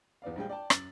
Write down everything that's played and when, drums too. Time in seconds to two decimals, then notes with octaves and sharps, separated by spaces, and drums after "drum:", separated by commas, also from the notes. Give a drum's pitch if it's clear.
0.22 E2 B3 D5 F5
0.36 A#1 G3 G#3 D4 G5
0.49 D5 G5 A5
0.70 F#2 A6 F#7, drum: rim click